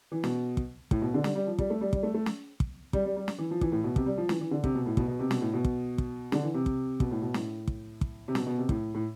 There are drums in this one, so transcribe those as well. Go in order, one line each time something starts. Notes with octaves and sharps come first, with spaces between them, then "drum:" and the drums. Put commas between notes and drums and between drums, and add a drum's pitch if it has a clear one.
E3
B2, drum: snare
drum: kick
A2, drum: kick
B2
D3
G3, drum: snare
G3
F3
G3, drum: kick
A3
G3
G3, drum: kick
A3
A3
drum: snare
drum: kick
G3, drum: kick
G3
G3
drum: snare
E3
F3
E3, drum: kick
A2
B2
C3, drum: kick
G3
F3
E3, drum: snare
E3
D3
C3, drum: kick
B2
A2
B2, drum: kick
B2
C3
B2, drum: snare
A2
B2
drum: kick
drum: kick
D3, drum: snare
E3
C3
drum: kick
B2, drum: kick
A2
B2
A2, drum: snare
drum: kick
drum: kick
C3
B2, drum: snare
B2
C3
A2, drum: kick
A2